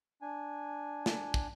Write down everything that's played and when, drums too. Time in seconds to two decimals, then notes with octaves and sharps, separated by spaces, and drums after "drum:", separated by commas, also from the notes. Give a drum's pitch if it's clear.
0.22 D4 G#5
1.06 drum: snare
1.34 drum: kick